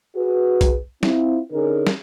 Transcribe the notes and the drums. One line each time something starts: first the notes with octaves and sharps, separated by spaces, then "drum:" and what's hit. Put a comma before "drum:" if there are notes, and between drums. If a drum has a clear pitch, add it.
F#4 G#4 B4
drum: kick B1, hi-hat
C4 E4 F4, drum: snare
D3 C#4 D#4 G#4 A#4
drum: snare